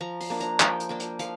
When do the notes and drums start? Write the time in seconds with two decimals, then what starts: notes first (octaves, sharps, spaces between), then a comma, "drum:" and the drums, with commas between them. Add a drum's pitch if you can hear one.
0.01 F3 A#5
0.21 C6, drum: open hi-hat
0.30 A#3 D4
0.40 A#5, drum: hi-hat
0.60 F3 G5, drum: clap
0.80 drum: hi-hat
0.89 A#3 D4 G5
1.00 drum: hi-hat
1.19 F3 F5, drum: hi-hat